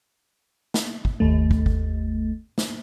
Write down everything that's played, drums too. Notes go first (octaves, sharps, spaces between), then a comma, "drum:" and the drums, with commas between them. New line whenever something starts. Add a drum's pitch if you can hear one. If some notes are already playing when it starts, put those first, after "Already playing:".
drum: snare
drum: kick
G1 D#2 A3
drum: kick
drum: kick
drum: snare